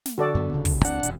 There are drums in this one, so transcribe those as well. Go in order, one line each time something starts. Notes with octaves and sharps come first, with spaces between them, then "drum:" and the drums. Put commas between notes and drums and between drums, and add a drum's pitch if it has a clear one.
drum: snare
D3 F#4 A4 D5
F#2 B3
D#1 C#3
drum: kick, open hi-hat
C#2 C4 D4 F#5, drum: hi-hat
E1 F#2 C3, drum: hi-hat